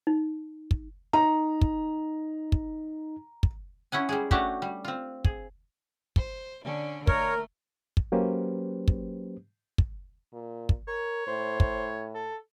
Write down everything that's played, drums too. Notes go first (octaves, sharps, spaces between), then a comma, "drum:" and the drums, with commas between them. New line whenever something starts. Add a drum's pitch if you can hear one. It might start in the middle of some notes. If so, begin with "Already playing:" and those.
D#4
drum: kick
D#4 A#5
drum: kick
drum: kick
drum: kick
C#4 E4 F#5 G#5
G3 G#3 G#4
A3 C#4 D4 F#4 G4, drum: kick
G3
C4 F4
G#4, drum: kick
C5, drum: kick
D3 C#4 D4
A3 A#4 C#5, drum: kick
drum: kick
F#3 A#3 C#4 G4 B4 C5
drum: kick
drum: kick
A#2
drum: kick
A#4 C#5
A2 C5
drum: kick
A4